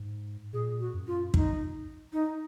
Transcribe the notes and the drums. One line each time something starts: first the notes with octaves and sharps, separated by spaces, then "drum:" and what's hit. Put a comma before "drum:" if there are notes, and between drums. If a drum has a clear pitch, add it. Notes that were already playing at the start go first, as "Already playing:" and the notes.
Already playing: G#2
A#2 G#4
F#4
F#2
F4
D#4, drum: kick
D#4